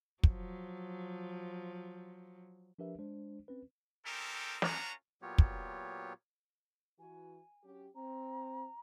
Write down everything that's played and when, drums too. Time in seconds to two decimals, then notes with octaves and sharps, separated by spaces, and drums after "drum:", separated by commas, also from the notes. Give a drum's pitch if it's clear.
0.23 F3 F#3, drum: kick
2.79 F3 D4 G4 A#4 B4 E5
2.99 G#3 D4 C5
3.48 C4 C#4 B4
4.05 C4 C#4 D#4 G4 A4 A#4
4.62 C#4 D4 F4 F#4 A#4 A#5, drum: snare
5.22 A#2 F#3 B3 F4 G4 C#5
5.38 drum: kick
6.99 E3 F#4 G#5
7.63 F#3 C#4 G4
7.95 C4 A#5